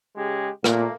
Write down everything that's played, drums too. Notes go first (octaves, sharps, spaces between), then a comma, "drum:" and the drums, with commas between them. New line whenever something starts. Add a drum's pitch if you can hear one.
C#3 G#3 G4
A#2 A3 A#3, drum: rim click